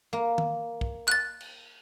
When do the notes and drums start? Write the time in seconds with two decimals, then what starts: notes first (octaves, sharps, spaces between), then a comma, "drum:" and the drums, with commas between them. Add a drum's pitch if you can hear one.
0.13 A#3
0.38 drum: tom D#3
0.81 drum: kick
1.08 F#6 A6, drum: clap
1.41 drum: cymbal